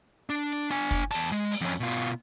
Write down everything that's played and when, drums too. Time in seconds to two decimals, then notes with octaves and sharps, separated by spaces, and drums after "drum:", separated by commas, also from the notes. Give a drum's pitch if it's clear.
0.29 D4
0.71 D4 G#5, drum: hi-hat
0.91 drum: kick, hi-hat
1.11 E2 A5, drum: open hi-hat
1.32 G#3, drum: hi-hat
1.51 drum: open hi-hat
1.61 F2 C#4
1.71 drum: hi-hat
1.80 B2 F4
1.91 drum: hi-hat